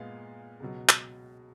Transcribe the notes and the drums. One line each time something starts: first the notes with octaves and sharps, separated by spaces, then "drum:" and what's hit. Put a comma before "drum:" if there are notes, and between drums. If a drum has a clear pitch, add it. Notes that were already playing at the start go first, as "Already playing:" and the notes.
Already playing: A#2 G#3 B3 F5
C#2 B2 F#3
drum: clap